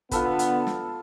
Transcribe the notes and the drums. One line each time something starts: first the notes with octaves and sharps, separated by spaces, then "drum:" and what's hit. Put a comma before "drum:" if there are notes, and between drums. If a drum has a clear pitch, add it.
D3 B3 F4 A4 B4, drum: kick, hi-hat
drum: hi-hat
drum: snare